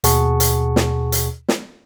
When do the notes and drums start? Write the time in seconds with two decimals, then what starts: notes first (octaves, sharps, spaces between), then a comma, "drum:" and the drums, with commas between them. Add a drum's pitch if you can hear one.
0.04 D#2 B2 G#4 F#5 A5 C#6, drum: hi-hat
0.40 drum: hi-hat
0.76 drum: snare
1.12 drum: hi-hat
1.48 drum: snare